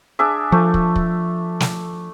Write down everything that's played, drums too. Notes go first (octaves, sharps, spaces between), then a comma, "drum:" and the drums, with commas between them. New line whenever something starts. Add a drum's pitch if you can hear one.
D4 G#4 E5
F3 A3
drum: kick
drum: kick
drum: snare